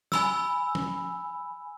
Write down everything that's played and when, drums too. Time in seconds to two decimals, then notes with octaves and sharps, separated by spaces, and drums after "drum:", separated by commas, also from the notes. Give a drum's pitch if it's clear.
0.12 G#5 B5 E6, drum: snare
0.75 drum: tom